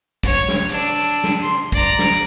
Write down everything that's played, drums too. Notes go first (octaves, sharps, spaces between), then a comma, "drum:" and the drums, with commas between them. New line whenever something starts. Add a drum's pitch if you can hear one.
C#5, drum: kick, tambourine
drum: snare
D4 E6
drum: tambourine
drum: snare
C6
D5 A#5, drum: kick, tambourine
drum: snare